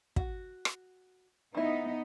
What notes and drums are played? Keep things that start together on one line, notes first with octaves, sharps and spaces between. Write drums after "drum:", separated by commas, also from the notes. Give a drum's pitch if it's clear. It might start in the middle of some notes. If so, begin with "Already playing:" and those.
F#4, drum: kick
drum: rim click
D#3 B3 D#4 E4